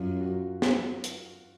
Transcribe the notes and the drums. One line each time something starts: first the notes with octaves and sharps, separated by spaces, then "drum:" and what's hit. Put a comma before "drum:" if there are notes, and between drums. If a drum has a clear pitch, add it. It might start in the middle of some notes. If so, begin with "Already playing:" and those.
Already playing: F#2 F4
F#4
drum: snare
drum: hi-hat